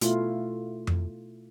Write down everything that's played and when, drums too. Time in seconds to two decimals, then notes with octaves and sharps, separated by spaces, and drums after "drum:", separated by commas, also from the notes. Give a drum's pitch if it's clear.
0.01 B2 A3 E4 F4, drum: hi-hat
0.87 drum: tom F2